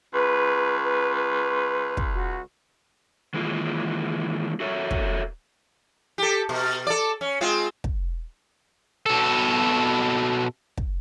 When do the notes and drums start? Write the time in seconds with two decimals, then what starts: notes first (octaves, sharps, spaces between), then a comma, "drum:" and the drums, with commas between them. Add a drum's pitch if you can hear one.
0.14 C#2 B4
0.84 B4
1.15 B4
1.97 drum: kick
2.14 F#4
3.34 D#3 E3 G#3 A#3 F4
4.60 F#4 A4 A#4 C#5 E5
4.91 drum: kick
6.18 G4 A4
6.49 B2
6.87 A4 D5
7.21 C#4
7.41 G#3 C4 F4
7.84 drum: kick
9.06 B2 A4
10.77 drum: kick